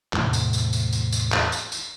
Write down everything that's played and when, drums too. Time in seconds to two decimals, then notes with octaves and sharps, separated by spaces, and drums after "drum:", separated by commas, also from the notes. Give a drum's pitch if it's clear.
0.13 E2 A2 C3, drum: clap
0.33 drum: tambourine
0.53 drum: tambourine
0.73 drum: tambourine
0.93 drum: tambourine
1.12 drum: tambourine
1.32 drum: clap
1.52 drum: tambourine
1.72 drum: tambourine